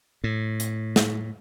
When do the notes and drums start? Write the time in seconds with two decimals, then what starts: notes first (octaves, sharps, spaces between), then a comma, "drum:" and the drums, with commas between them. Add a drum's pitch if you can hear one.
0.24 A2
0.60 drum: hi-hat
0.96 drum: snare